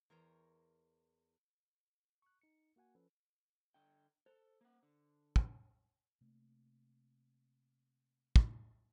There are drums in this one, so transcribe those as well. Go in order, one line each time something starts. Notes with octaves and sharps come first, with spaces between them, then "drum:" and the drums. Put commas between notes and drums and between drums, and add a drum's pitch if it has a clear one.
E2 A#4 C5 C#5 G5 A#5
C#6 F#6
D#4 C#7
A#3 F#4 F#5 G#5
F3 C#4 A4 B4
D3 G5
A4 C5
A#3 F#5
D3
drum: kick
C3 A3 A#3
drum: kick